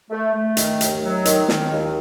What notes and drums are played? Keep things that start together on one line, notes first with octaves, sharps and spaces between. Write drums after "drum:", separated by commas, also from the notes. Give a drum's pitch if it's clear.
A3
A3
D#3, drum: hi-hat
D#2, drum: hi-hat
F#3
D#3, drum: hi-hat
D#3, drum: snare
D#2